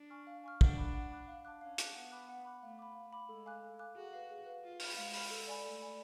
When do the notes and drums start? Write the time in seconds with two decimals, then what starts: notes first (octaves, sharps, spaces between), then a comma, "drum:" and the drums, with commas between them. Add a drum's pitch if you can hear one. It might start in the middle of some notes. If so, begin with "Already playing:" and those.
Already playing: D4
0.10 G#5 C#6 F6
0.27 F5
0.44 G#5 C#6 F6
0.61 D4 F#5, drum: kick
0.78 B5 D6 F#6
0.94 F#5
1.11 B5 D6 F#6
1.28 F5
1.45 A5 D6 F#6
1.61 C#4 F5
1.78 A5 D6 F#6, drum: hi-hat
1.95 B3 F#5
2.11 B5 D6 F#6
2.29 F#5
2.45 B5 D6 F#6
2.62 A3 F5
2.79 B5 D6
2.95 F5
3.13 B5 D6
3.29 G#3 A4
3.46 F5 G#5 D6 F#6
3.63 A4
3.79 F5 G#5 D6 F#6
3.96 F#4 G#4
4.13 B4 F5
4.30 G#4
4.46 B4 F5
4.64 F4 F5
4.80 B5 F6, drum: open hi-hat
4.97 G#3 F5
5.14 B5 F6, drum: open hi-hat
5.31 A4
5.47 D5 G#5 B5
5.64 A3 A4
5.81 D5 G#5 B5